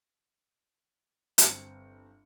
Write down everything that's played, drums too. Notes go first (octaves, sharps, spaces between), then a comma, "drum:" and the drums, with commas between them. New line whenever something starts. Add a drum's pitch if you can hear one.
G1 C4 C#7, drum: hi-hat